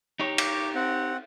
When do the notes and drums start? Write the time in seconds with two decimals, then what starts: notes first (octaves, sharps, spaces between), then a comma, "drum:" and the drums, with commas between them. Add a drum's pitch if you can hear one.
0.20 D#4 G4 C#5
0.38 D6, drum: cymbal
0.75 C4 F#5